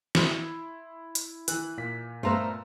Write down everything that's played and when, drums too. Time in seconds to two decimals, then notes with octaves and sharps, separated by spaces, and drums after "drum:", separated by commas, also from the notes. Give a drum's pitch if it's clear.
0.15 E4 C6, drum: snare
1.15 drum: hi-hat
1.48 E3 F#6, drum: hi-hat
1.77 A#2 B6
2.23 G2 A3 B3 C5 F5 A#5 E6